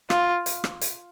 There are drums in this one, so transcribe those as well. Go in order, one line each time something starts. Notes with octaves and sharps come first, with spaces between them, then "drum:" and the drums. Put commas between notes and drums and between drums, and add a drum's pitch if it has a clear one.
F4, drum: rim click
drum: hi-hat
drum: rim click
drum: hi-hat